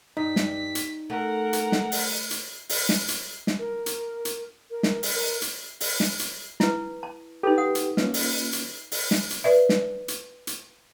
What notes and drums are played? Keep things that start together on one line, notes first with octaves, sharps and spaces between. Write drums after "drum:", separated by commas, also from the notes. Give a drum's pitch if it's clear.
G2 D#4 B6
drum: snare
drum: hi-hat
A3 A#4 F#5
drum: hi-hat
drum: snare
drum: open hi-hat
drum: hi-hat
drum: open hi-hat
drum: snare
drum: hi-hat
drum: snare
A#4
drum: hi-hat
drum: hi-hat
A#4
drum: snare
drum: open hi-hat
A#4
drum: hi-hat
drum: open hi-hat
drum: snare
drum: hi-hat
E4 B4, drum: snare
A5
D#4 G4 A4 B4
F#5 D#6
drum: hi-hat
A#3 C#4 F4 B4, drum: snare
drum: open hi-hat
drum: hi-hat
drum: open hi-hat
drum: snare
drum: hi-hat
B4 D5 E5
drum: snare
drum: hi-hat
drum: hi-hat